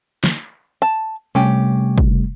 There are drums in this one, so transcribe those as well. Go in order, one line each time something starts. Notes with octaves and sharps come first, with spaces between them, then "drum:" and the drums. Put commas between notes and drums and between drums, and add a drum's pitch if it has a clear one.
drum: snare
A5
C3 G3 A3 C#4 G4
drum: kick